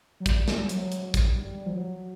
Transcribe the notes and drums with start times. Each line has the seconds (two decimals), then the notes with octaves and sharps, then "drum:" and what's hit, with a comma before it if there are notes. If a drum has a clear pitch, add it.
0.20 F#3
0.26 G3, drum: kick, hi-hat
0.48 drum: snare
0.69 F#3, drum: hi-hat
0.92 drum: hi-hat
1.14 G3, drum: kick, hi-hat
1.43 G3
1.66 F3
1.72 F#3